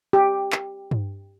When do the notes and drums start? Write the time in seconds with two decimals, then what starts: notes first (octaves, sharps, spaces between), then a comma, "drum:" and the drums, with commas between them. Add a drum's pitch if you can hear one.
0.13 G4
0.52 drum: clap
0.91 drum: tom G2